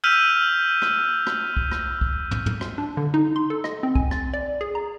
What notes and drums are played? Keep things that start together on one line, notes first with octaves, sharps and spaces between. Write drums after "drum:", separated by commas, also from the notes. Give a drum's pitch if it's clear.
E6 F6 G6 B6 D#7 F7
drum: rim click
drum: rim click
drum: kick
drum: rim click
drum: kick
drum: tom
drum: tom
drum: rim click
D4
D3
D#4
C6
A4
D#5, drum: rim click
C4
G#5, drum: kick
A6, drum: rim click
D5
G#4
A#5